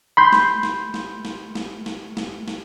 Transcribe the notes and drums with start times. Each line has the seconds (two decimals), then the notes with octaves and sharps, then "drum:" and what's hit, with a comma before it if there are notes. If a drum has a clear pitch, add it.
0.17 B5 C6 G6
0.32 drum: snare
0.63 drum: snare
0.94 drum: snare
1.25 drum: snare
1.55 drum: snare
1.86 drum: snare
2.17 drum: snare
2.48 drum: snare